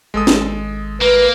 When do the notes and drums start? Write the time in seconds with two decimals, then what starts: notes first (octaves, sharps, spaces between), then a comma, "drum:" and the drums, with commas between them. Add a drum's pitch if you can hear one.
0.14 G#1 G#3 A4 D#6
0.27 drum: snare
1.01 A#3 B4